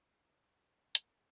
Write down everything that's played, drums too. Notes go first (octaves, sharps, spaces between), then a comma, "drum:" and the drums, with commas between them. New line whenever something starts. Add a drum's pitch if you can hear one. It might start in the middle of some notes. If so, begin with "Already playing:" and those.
C#5
C#5
F#4
G#5
E6, drum: hi-hat
G#4